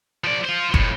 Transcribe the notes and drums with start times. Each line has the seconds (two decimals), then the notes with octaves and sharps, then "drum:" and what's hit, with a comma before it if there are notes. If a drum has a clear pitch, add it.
0.24 F3 D5
0.45 F4 C5
0.74 F2 A2, drum: kick